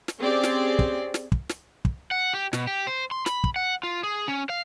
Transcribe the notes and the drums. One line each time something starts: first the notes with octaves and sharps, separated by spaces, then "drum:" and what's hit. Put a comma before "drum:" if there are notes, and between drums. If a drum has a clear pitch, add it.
drum: snare
C4 C#4 G4 G#4 D5
drum: snare
drum: kick
drum: snare
drum: kick
drum: snare
drum: kick
F#5
G4
B2, drum: snare
G4
C5
C6
B5, drum: snare
drum: kick
F#5
F4
G#4
C#4
F5